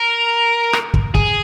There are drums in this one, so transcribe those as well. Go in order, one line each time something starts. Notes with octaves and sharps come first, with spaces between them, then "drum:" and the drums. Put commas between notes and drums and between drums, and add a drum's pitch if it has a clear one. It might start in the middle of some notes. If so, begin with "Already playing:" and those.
Already playing: A#4
drum: rim click
drum: kick
G#4, drum: kick